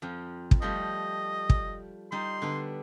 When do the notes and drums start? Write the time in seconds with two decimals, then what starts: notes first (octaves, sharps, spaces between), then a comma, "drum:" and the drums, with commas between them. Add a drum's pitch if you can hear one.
0.02 F2 F3
0.51 drum: kick
0.62 F3 G3 A3 D#5
1.50 drum: kick
2.12 G3 D#4 C6
2.42 D3 B3 D4